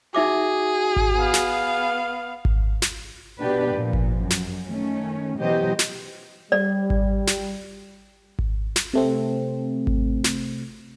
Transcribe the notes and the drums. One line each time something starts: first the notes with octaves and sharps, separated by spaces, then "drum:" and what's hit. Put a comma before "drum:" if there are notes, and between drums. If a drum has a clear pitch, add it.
D#4 F#4 G#4 E5 D6
drum: kick G#1
B3 F5
drum: snare
drum: kick G#1
drum: snare
B2 B3 D4 G4 B4 D5
A#2 F3
drum: kick G#1
F#2
drum: snare
D#3 A3 C#4
B2 E3 F#3 G4 C5 D#5
drum: snare
G3 D5
drum: kick G#1
drum: snare
drum: kick G#1
drum: snare
C3 A3 C4
drum: kick G#1
drum: snare